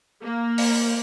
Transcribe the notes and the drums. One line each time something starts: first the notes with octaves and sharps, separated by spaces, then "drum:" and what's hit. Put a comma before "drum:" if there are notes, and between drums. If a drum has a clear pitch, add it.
A#3
drum: open hi-hat